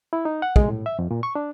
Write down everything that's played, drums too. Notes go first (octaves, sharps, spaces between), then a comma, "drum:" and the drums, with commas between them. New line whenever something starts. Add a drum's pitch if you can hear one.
E4
D#4
F#5
G#3, drum: kick
A2
E5
F2
A#2
C#6
D4